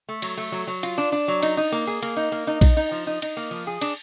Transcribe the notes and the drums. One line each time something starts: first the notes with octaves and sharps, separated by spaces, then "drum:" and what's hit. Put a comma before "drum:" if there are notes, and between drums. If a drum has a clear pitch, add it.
A3
F#3, drum: cymbal
A3
F#3
F#3
F4, drum: cymbal
D4
D4
F#3
D#4, drum: cymbal
D#4
A#3
G#4
A#3, drum: cymbal
D#4
A#3
D#4
D#4, drum: kick A#1, cymbal
D#4
F3
D#4
D#4, drum: cymbal
A#3
F3
G#4
D4, drum: cymbal